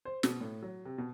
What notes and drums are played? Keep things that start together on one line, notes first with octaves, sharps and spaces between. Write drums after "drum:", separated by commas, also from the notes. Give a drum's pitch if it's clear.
C5
B2, drum: snare
A2
F#3
C3
B2